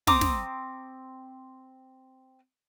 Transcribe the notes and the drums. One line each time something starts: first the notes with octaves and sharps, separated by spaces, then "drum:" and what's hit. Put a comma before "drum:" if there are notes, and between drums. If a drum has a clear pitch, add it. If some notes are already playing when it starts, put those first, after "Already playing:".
C4 A#5 D6 D#6, drum: snare
drum: snare